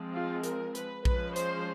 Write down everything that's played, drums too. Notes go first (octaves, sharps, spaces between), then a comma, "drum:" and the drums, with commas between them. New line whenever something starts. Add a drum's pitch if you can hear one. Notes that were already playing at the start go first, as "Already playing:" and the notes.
Already playing: F3 G#3 C4
F4
A#4, drum: hi-hat
B4, drum: hi-hat
F3 G#3 C#4 B4, drum: kick A#1
C5, drum: hi-hat